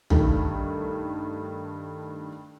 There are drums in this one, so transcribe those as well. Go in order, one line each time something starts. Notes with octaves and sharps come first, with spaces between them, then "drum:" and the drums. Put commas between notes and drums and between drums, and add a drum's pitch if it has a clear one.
G2 D#3 A3, drum: tom